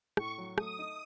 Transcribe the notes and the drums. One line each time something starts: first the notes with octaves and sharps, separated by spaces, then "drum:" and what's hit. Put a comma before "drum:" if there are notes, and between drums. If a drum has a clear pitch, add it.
A2 C#6, drum: rim click
F#3
A3 D#6, drum: rim click
D#4